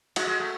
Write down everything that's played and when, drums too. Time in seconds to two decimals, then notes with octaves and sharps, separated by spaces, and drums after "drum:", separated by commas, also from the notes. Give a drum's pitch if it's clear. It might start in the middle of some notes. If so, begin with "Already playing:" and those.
0.16 G#3 F#4, drum: cymbal
0.27 G#3
0.40 A3